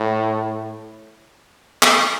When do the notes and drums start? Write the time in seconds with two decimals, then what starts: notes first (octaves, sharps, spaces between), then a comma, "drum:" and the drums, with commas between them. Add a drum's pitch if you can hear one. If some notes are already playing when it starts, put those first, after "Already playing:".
Already playing: A2
1.83 drum: clap